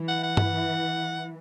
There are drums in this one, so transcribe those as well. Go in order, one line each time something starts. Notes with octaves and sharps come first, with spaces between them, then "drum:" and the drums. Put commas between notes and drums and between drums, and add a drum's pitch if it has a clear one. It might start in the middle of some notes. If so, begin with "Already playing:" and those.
Already playing: E3
F#5
F#5
drum: tom G2